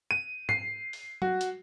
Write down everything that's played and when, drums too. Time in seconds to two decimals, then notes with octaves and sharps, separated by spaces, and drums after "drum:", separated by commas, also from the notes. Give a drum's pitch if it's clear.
0.11 D#7
0.49 C7, drum: tom G#2
0.93 drum: open hi-hat
1.22 F#4, drum: tom
1.41 drum: hi-hat